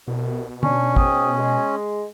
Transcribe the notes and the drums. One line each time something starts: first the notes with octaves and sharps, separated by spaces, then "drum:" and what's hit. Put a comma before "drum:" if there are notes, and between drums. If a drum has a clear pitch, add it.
C2 B2
C#4 D4 C#6, drum: tom
G#2 G5 D#6, drum: kick
G#3